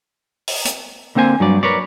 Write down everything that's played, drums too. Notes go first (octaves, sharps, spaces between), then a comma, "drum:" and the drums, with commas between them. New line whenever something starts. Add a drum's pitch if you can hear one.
drum: open hi-hat
drum: hi-hat
D3 A#3 C4 C5 G#5
G2 F#3 D5
A#4 B4 C#5 D5